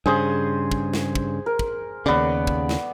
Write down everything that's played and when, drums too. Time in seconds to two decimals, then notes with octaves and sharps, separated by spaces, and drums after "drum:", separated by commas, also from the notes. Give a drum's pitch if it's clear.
0.06 G2 C#3 G#4 C5 D#6
0.72 drum: kick
0.93 drum: snare
1.15 drum: kick
1.46 A#4
1.59 drum: kick
2.06 D#2 C#3 B3 D5
2.47 drum: kick
2.69 drum: snare